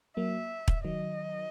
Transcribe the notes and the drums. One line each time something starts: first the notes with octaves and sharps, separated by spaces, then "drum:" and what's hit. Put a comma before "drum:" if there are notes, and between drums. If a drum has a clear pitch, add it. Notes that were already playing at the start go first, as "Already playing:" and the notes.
F#3 A#3 E5
drum: kick
D#3 F#3 D#5